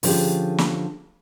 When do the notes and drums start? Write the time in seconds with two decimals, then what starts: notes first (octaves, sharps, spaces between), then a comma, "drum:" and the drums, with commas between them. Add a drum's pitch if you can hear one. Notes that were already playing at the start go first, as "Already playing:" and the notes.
0.03 D3 F3 C#4 G4 G#4, drum: open hi-hat
0.58 drum: snare